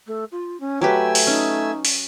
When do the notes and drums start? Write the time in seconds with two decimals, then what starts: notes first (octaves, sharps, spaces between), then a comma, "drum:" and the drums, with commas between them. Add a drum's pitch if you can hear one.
0.06 A3
0.31 F4
0.60 C#4
0.81 F#3 A3 G4 B4 G5 G#5 E6
1.15 drum: open hi-hat
1.27 C#4 D#4
1.85 drum: open hi-hat